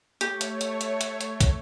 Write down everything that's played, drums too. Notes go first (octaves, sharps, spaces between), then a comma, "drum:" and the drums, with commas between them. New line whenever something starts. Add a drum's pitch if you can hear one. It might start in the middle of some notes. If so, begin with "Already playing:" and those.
A3 G4 C#5, drum: hi-hat
drum: hi-hat
drum: hi-hat
drum: hi-hat
drum: hi-hat
drum: hi-hat
drum: kick, hi-hat